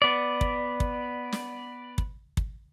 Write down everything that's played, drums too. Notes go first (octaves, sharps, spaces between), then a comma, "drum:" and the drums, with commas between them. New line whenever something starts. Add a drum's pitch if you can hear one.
B3 D5
drum: kick
drum: kick
drum: snare
drum: kick
drum: kick